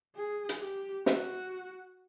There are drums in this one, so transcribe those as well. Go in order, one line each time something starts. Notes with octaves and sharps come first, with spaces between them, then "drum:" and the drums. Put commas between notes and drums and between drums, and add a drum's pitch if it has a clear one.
G#4
drum: hi-hat
G4
F#4, drum: snare